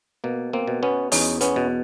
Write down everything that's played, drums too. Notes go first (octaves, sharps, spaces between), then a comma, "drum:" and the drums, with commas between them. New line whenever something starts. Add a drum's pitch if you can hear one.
B2 A#3
A#3 C4
B2
B3 C#4
E2 C#4 D#4, drum: open hi-hat
B3 C#4, drum: hi-hat
B2